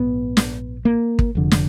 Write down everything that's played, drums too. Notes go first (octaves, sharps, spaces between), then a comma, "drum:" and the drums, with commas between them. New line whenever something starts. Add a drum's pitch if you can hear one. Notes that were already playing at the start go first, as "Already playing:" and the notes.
Already playing: A#1 G#2 B3
drum: snare
A#3
drum: kick
F1 F2 D3
drum: snare